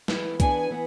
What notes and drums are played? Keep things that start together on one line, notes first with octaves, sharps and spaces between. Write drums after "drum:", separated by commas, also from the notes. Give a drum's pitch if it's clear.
E3 B3 E4 B4, drum: snare
E3 B3 D4 G#4 G#5, drum: kick C2, hi-hat
E3 B3